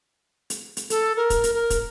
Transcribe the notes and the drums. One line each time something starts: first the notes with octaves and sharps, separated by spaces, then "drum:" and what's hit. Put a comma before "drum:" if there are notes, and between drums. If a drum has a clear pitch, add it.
drum: hi-hat
drum: hi-hat
A4, drum: hi-hat
A#4
drum: kick, hi-hat
drum: hi-hat
A#4
drum: kick, hi-hat